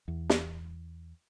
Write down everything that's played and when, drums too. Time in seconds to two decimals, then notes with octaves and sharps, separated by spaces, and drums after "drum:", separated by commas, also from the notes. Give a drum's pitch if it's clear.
0.08 E2
0.30 drum: snare